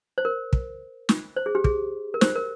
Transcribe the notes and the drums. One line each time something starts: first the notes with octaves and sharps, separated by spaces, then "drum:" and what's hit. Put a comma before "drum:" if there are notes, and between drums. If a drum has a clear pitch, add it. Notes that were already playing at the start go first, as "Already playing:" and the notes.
C5
A#4
drum: kick
drum: snare
C5
G#4
G4
G#4, drum: kick
A#4
C5, drum: snare
A#4